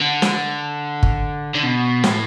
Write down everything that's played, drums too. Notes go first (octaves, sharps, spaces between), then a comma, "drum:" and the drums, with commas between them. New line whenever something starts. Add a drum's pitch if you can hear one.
D3
drum: snare
drum: kick G1
D3
B2
A2, drum: snare